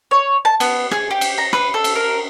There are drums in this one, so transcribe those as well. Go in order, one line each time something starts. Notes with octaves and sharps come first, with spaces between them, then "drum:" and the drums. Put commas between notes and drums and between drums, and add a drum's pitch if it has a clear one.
C#5
A5
B3, drum: cymbal
G#4, drum: rim click
G4
drum: cymbal
A#5
B4, drum: rim click
A4
drum: cymbal
A#4